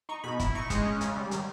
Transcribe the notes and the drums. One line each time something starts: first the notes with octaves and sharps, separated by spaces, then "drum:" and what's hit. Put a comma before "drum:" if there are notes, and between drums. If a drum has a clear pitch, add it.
D#4 C#6
B2 B5
E4, drum: kick, hi-hat
D#4 C#6
G#3, drum: kick, hi-hat
C#4
C#3, drum: hi-hat
G3
D#3, drum: hi-hat